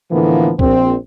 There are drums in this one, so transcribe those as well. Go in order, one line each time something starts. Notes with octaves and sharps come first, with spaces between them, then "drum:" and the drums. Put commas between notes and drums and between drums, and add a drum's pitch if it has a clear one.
A2 D3 E3 F3 A#3 B3
A#1 C4, drum: kick